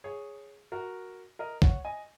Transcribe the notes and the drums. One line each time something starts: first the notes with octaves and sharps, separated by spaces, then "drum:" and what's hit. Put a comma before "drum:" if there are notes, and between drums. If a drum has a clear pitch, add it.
G#4 C#5
F#4 A#4
A#4 D#5
C#5 F#5, drum: kick
D#5 G#5